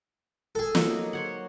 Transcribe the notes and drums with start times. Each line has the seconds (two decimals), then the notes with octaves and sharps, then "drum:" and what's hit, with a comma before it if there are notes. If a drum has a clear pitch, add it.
0.55 G#4 A4
0.75 F#3 A#3 D#4, drum: snare
1.13 C5 C#5 F#5